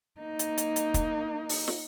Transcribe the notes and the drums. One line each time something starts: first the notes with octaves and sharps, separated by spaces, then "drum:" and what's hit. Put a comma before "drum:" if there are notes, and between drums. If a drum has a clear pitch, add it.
A#3 D#4
drum: hi-hat
drum: hi-hat
drum: hi-hat
drum: kick, hi-hat
drum: open hi-hat
drum: snare